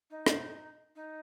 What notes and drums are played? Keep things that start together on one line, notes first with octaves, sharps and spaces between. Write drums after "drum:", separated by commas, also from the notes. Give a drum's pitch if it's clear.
D#4
drum: rim click
D#4